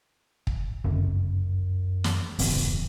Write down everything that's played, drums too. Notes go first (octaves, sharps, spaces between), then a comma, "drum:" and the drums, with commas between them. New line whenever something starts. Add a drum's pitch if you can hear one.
drum: kick
G1 C#2 F#2
drum: snare
D1 G1 E2 C#3, drum: open hi-hat